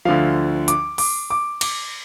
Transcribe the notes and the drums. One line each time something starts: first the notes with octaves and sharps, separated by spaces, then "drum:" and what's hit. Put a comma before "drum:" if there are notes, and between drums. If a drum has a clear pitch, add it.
D2 D3 F3 F5
D6, drum: hi-hat
D6, drum: open hi-hat
D6
D6, drum: cymbal